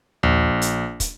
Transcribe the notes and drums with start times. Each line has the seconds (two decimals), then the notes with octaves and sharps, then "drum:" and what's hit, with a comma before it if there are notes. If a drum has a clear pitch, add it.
0.23 A#1, drum: tom D#2
0.62 drum: hi-hat
1.00 drum: kick, hi-hat